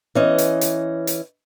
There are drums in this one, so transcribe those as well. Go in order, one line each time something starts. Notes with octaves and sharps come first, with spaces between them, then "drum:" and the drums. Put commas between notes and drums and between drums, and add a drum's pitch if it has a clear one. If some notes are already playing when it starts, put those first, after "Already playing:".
E3 C#4 D#5
drum: hi-hat
drum: hi-hat
drum: hi-hat